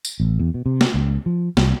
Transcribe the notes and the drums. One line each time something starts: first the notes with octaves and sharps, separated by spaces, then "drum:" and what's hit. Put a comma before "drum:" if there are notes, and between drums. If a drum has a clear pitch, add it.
drum: tambourine
A1
E2
B2
C3
drum: snare
C#2
F3
C2, drum: snare